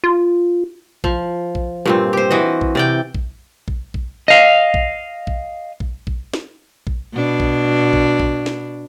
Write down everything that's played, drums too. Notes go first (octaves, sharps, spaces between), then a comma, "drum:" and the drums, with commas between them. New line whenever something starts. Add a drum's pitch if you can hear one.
F4
F3, drum: kick
drum: kick
G2 A#2 C4
G4 C5
E3 F#4 D#5
drum: kick
C3 D5 G5
drum: kick
drum: kick
drum: kick
D#5 F5
drum: kick
drum: kick
drum: kick
drum: kick
drum: snare
drum: kick
B2 D4
drum: kick
drum: kick
drum: kick
drum: snare